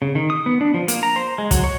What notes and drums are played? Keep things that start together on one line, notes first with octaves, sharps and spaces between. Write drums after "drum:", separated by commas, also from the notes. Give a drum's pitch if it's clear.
C#3
D#3
D#6
B3
D4
F3
A#3, drum: hi-hat
A#5
C5
G#3
F#3, drum: kick, hi-hat
C#5